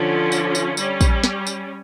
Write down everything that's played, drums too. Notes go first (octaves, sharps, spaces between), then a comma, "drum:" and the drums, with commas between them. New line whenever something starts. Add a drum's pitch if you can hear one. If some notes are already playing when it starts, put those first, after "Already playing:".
Already playing: D3 F3 C#4
drum: tambourine
drum: tambourine
G3 C#4, drum: tambourine
drum: kick, tambourine
drum: snare
drum: tambourine